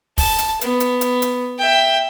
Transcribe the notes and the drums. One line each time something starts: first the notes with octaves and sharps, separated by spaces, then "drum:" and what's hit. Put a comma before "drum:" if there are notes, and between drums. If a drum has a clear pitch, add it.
A5, drum: kick, open hi-hat
drum: hi-hat
B3, drum: hi-hat
drum: hi-hat
drum: hi-hat
drum: hi-hat
E5 G5